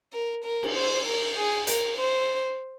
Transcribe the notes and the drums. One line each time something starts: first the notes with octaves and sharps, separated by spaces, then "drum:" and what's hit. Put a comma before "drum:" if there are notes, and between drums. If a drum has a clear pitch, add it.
A#4
A#4
drum: cymbal
C5
A#4
G#4
A#4, drum: hi-hat
C5